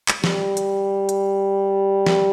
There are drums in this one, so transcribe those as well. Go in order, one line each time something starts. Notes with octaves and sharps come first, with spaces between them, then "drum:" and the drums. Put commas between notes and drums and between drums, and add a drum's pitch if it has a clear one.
drum: clap
G3, drum: snare
drum: hi-hat
drum: hi-hat
drum: snare